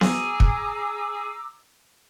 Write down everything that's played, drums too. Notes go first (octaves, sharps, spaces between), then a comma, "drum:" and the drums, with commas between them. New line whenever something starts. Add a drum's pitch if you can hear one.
G#4 A#5 D6 E6, drum: snare B3
drum: kick